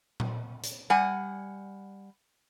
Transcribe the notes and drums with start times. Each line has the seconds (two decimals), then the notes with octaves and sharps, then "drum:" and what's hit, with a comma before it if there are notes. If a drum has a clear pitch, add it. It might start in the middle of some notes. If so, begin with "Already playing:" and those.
0.20 drum: tom A#2
0.63 drum: hi-hat
0.90 G3 F#5 G#5